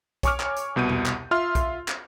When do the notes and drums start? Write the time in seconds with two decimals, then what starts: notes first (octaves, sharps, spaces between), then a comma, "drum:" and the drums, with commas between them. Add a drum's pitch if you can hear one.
0.23 C#5 G#5 C#6 D6 F6, drum: kick B1, hi-hat
0.40 drum: clap
0.56 drum: hi-hat
0.76 C2 B2 G6 D#7
0.89 drum: tom E2
1.06 drum: clap
1.31 F4 E5 C6 F6
1.55 drum: kick B1, hi-hat
1.88 drum: clap